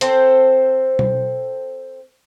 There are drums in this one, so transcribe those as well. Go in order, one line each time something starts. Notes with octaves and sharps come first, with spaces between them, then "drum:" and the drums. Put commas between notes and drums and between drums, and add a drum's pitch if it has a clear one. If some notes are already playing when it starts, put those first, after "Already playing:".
C4 A4 C5, drum: hi-hat
drum: tom B2